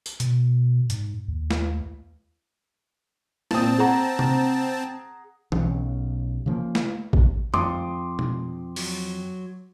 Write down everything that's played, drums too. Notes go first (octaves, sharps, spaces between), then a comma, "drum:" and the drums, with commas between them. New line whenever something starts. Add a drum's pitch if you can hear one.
drum: tambourine
B2, drum: hi-hat
G#2, drum: hi-hat
D#2
drum: snare
A#2 C4 A5 D#6, drum: snare
G#4 F#5 A#5
drum: tom C3
B1 C#3, drum: tom E3
C#3 F3 A#3
drum: snare
drum: kick
F2 C6 D6 D#6, drum: tom F2
drum: tom B2
F#3, drum: open hi-hat